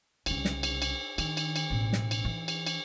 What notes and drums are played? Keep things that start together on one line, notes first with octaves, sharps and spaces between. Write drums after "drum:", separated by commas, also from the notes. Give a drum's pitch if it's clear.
C2 C#3, drum: cymbal
drum: snare
drum: cymbal
drum: cymbal
D#3, drum: cymbal
drum: cymbal
drum: cymbal
A1 B2
drum: snare
drum: cymbal
E3
drum: cymbal
drum: cymbal